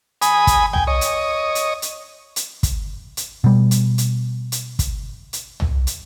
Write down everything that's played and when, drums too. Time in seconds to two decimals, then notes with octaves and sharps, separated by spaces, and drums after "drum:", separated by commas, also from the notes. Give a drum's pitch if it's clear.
0.22 G#5 B5 D#6, drum: hi-hat
0.47 drum: kick, hi-hat
0.73 G5 G#5, drum: tom C2
0.87 C#5 D#5
1.01 drum: hi-hat
1.55 drum: hi-hat
1.82 drum: hi-hat
2.36 drum: hi-hat
2.63 drum: kick, hi-hat
3.17 drum: hi-hat
3.44 B2 G3
3.71 drum: hi-hat
3.98 drum: hi-hat
4.52 drum: hi-hat
4.79 drum: kick, hi-hat
5.33 drum: hi-hat
5.60 drum: tom C2
5.87 drum: hi-hat